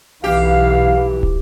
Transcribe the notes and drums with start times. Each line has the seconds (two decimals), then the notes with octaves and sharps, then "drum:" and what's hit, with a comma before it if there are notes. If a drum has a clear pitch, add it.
0.24 B1 E3 G4 F5
1.23 drum: kick